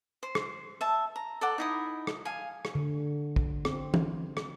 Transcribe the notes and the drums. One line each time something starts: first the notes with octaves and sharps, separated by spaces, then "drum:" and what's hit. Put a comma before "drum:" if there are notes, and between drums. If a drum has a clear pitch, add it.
C5
drum: rim click
E5 A5
A#5
A4 D5 F#5
D#4 E4 D#6
drum: rim click
F5 G#5
drum: rim click
D3
drum: kick
C4, drum: rim click
drum: tom
drum: rim click